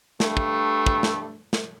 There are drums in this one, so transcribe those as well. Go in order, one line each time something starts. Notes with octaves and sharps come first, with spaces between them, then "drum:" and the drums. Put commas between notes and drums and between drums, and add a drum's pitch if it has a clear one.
G2 A3, drum: snare
drum: kick
drum: kick
drum: snare
drum: snare